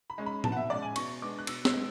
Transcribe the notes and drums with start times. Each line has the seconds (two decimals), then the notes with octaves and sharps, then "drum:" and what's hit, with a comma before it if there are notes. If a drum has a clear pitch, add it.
0.10 B5
0.18 G#3 C#4
0.26 B5
0.44 B2 A5, drum: tom A2
0.52 F#5
0.57 E5
0.70 G#3 C#4 D5
0.82 G#5
0.96 B2 C#6, drum: cymbal
1.22 G#3 B3 D4 D6
1.39 F#6
1.47 B2 E6, drum: cymbal
1.65 E6, drum: snare
1.74 G#3 B3